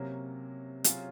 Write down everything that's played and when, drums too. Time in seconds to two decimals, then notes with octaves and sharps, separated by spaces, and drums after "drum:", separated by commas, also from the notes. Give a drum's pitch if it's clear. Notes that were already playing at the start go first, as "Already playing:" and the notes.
Already playing: C3 F#3 A#3 C#4
0.84 F#3 C#4 F4 G#4, drum: hi-hat